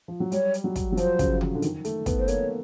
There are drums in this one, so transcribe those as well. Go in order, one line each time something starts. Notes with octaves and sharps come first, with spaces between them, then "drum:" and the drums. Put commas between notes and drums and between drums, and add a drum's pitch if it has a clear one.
F3
F#3
G3 C#5, drum: hi-hat
drum: hi-hat
F#3
drum: kick, hi-hat
F#3
F3 C5, drum: hi-hat
C#3, drum: kick, hi-hat
drum: tom C#3
D3
D#3, drum: hi-hat
A3, drum: hi-hat
B3, drum: kick, hi-hat
C5
A#3 C#5, drum: hi-hat